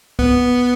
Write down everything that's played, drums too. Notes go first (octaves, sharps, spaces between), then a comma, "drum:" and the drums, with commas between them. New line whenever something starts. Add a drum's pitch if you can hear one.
B3, drum: kick C2